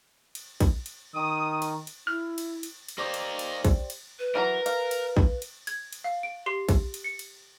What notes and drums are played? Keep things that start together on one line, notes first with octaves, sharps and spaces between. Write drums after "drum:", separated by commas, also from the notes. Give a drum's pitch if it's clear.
drum: cymbal
drum: kick A#1, cymbal
drum: cymbal
D#3 D#6
drum: cymbal
drum: cymbal
E4 F6
drum: cymbal
drum: cymbal
drum: cymbal
A#3 D#4 G4 C5 D5
drum: cymbal
drum: cymbal
drum: kick A#1, cymbal
drum: cymbal
B4
E3 F#3 A#4
F5, drum: cymbal
drum: cymbal
drum: kick A#1
drum: cymbal
G#6, drum: cymbal
drum: cymbal
F5
D7
G4 C6 C7
drum: kick A#1, cymbal
drum: cymbal
C#7
drum: cymbal